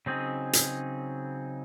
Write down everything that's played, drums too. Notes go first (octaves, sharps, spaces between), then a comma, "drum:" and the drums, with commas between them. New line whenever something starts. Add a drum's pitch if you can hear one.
C#3 F#3 C4 D#4 G#4
drum: hi-hat